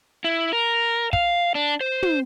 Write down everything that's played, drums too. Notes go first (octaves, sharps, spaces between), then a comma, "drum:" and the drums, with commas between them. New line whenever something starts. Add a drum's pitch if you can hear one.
E4
A#4
F5, drum: kick
D4
C5
drum: tom